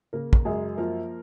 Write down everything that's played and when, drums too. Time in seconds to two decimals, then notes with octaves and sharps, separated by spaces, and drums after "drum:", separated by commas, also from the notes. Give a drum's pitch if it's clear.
0.13 C#3 A#3 A#4
0.33 drum: kick
0.45 F#2 G#3 G#4
0.77 F3 A#3 A#4